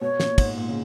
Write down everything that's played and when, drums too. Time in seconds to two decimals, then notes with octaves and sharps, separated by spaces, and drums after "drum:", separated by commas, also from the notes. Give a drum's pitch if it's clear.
0.01 B2 C#5
0.20 A#2, drum: snare
0.38 G#2, drum: kick, cymbal
0.58 A#2
0.68 C#3